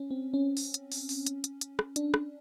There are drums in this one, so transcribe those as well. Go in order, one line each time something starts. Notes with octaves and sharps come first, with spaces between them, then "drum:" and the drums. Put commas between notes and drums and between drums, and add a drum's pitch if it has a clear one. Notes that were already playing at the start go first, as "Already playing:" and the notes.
Already playing: C#4
C4
C#4
drum: open hi-hat
drum: hi-hat
drum: open hi-hat
drum: open hi-hat
drum: hi-hat
drum: hi-hat
drum: hi-hat
drum: rim click
D4, drum: hi-hat
drum: rim click